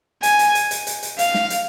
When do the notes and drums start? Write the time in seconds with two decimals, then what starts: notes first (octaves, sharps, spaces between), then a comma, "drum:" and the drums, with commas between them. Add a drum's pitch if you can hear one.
0.23 G#5, drum: hi-hat
0.39 drum: hi-hat
0.55 drum: hi-hat
0.71 drum: hi-hat
0.87 drum: hi-hat
1.03 drum: hi-hat
1.19 F5, drum: hi-hat
1.34 drum: snare
1.50 drum: hi-hat